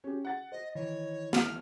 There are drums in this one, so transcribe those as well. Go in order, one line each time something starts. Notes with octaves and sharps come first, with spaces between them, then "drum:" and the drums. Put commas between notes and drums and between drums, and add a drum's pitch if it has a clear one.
C#4 G4
F#5 A6
C5 D#5
D#3 E3 C#5 D#5
F6, drum: snare